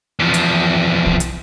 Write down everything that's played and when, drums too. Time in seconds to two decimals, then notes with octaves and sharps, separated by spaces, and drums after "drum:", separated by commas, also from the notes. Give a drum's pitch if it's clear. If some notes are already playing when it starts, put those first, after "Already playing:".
0.19 E2 F3
0.34 drum: hi-hat
1.06 drum: kick
1.20 drum: hi-hat